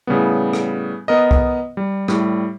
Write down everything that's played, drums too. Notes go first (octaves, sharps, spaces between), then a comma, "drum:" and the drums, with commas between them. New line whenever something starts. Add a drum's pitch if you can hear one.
A2 C#3 G3 B3
drum: rim click
B3 A#4 D#5
drum: kick C2
G3
A2 G3, drum: rim click